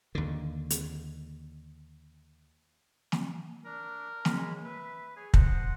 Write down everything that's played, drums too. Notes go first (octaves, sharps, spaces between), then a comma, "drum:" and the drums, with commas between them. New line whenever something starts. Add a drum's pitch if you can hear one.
D#2 D3
drum: hi-hat
drum: snare
D4 A#4
G#3 C#4 B5, drum: snare
B4 E5
G#4 C#5
C5 D#5 F#5, drum: kick